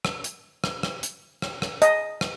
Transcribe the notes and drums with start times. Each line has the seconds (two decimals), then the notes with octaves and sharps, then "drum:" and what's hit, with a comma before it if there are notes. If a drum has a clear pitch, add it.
0.05 drum: rim click
0.24 drum: hi-hat
0.64 drum: rim click
0.83 drum: rim click
1.03 drum: hi-hat
1.42 drum: rim click
1.62 drum: rim click
1.82 D#5, drum: hi-hat
2.21 drum: rim click